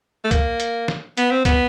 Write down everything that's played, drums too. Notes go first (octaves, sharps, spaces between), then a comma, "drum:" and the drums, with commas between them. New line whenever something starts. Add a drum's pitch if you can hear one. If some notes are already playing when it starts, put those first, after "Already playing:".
A3
A#3, drum: kick C2, hi-hat
drum: hi-hat
drum: snare
B3, drum: hi-hat
C4
B3, drum: kick C2, hi-hat